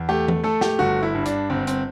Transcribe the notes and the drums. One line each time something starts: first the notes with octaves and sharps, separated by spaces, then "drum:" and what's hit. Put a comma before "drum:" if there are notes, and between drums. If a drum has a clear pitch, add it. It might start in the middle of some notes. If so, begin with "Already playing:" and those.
Already playing: E2
A3 G4
drum: tom E3
A3 A4
G4, drum: snare
G1 F#4
E4
G2
D4, drum: hi-hat
G1 C4
C4, drum: hi-hat